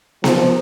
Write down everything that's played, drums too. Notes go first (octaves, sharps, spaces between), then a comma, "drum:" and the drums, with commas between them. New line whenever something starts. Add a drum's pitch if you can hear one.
F3, drum: snare B3